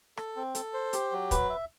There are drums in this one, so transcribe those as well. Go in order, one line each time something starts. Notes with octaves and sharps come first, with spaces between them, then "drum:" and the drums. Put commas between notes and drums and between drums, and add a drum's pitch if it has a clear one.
A4, drum: rim click
C4
A4, drum: hi-hat
C5
G4, drum: hi-hat
F#3
B4, drum: kick, hi-hat
E5